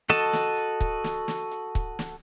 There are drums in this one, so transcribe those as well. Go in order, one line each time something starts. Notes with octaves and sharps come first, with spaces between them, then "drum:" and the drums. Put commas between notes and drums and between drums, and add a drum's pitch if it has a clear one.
F#4 A4 D#5 A5, drum: snare
drum: snare
drum: hi-hat
drum: kick C#1, hi-hat
drum: snare
drum: snare
drum: hi-hat
drum: kick C#1, hi-hat
drum: snare